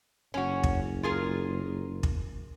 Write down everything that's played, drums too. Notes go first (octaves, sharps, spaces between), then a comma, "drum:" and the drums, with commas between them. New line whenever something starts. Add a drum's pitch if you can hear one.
F#1 C#4 F#4
drum: kick
F4 G#4 A#4
drum: kick